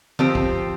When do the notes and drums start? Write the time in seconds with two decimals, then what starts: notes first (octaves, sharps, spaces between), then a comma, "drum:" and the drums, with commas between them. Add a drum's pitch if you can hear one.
0.19 F3 C4 G4 C5, drum: tom
0.35 drum: kick